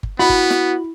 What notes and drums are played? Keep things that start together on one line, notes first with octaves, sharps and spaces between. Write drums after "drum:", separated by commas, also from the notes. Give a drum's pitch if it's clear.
drum: kick G1
B3 E4 F#4 B5
drum: kick G1
drum: snare